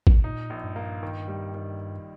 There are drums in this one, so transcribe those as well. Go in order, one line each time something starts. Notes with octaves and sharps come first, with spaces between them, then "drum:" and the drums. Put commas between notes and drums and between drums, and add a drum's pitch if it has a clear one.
drum: kick
A#2 D#4
A#1
G2
A#3
D#3
G3
D#3